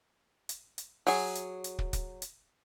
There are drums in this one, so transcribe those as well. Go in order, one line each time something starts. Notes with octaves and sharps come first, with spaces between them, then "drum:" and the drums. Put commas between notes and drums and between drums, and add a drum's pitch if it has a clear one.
drum: hi-hat
drum: hi-hat
F#3 G#4, drum: open hi-hat
drum: hi-hat
drum: hi-hat
drum: kick
drum: kick, hi-hat
drum: hi-hat